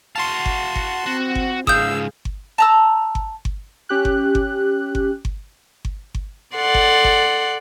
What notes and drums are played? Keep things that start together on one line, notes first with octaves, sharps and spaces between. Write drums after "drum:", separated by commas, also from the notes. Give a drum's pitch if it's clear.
F#4 F5 A5 C6
drum: kick G1
drum: kick G1
C4 F#4
drum: kick G1
C#2 G#2 G#4 F5 D#6 E6 G6, drum: kick G1
drum: kick G1
A5 A#5 E6
drum: kick G1
drum: kick G1
C#4 G4 F#6
drum: kick G1
drum: kick G1
drum: kick G1
drum: kick G1
drum: kick G1
drum: kick G1
A4 D5 F#5 C6
drum: kick G1
drum: kick G1